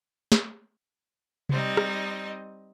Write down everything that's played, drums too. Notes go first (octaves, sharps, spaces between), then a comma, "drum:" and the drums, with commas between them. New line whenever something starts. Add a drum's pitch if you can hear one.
drum: snare
G3 C4 D#4 D#5, drum: tom C3
drum: rim click